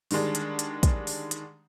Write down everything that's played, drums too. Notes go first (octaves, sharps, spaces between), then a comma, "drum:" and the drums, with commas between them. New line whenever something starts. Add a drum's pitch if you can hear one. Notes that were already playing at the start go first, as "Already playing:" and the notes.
D3 D#3 G3 G#3 D4, drum: open hi-hat
drum: hi-hat
drum: hi-hat
drum: kick, hi-hat
drum: open hi-hat
drum: hi-hat